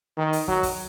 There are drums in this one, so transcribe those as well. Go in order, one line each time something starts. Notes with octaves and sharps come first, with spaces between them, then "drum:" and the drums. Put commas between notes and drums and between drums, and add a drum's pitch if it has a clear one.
D#3
drum: open hi-hat
F#3, drum: kick
drum: kick, open hi-hat